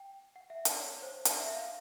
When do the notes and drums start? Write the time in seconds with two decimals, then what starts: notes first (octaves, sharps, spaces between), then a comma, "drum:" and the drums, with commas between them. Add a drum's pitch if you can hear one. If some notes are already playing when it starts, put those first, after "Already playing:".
Already playing: G5
0.36 F#5
0.50 E5
0.65 D5, drum: hi-hat
0.80 C#5
1.02 C5
1.25 D5, drum: hi-hat
1.40 E5
1.55 F5